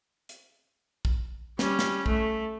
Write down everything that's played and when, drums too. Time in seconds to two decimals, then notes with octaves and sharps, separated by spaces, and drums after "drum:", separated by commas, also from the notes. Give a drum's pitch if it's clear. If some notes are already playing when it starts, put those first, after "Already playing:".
0.29 drum: hi-hat
1.05 drum: kick A#1
1.59 G3 C#4, drum: snare
1.79 drum: snare
2.06 A3, drum: kick A#1